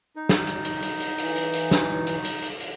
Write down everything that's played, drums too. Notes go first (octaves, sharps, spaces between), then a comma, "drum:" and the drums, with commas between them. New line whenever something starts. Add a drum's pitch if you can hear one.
D#4
drum: snare
drum: hi-hat
drum: hi-hat
drum: hi-hat
drum: hi-hat
E3, drum: hi-hat
drum: hi-hat
drum: hi-hat
drum: snare
drum: hi-hat
drum: hi-hat
drum: hi-hat
drum: hi-hat